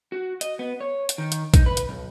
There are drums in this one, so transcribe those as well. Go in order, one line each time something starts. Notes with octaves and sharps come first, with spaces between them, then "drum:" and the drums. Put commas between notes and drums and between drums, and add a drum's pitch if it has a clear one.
F#4
D#5, drum: hi-hat
B3
C#5
drum: hi-hat
D#3
drum: hi-hat
D#4, drum: kick, hi-hat
B4
drum: hi-hat
B1